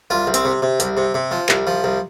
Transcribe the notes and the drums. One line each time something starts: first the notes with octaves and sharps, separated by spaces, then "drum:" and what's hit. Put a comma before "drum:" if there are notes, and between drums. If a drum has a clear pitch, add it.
C2 F4
C2
C4, drum: hi-hat
C3
C3
C2, drum: hi-hat
C3
C3
F3
C2, drum: clap
F3
C2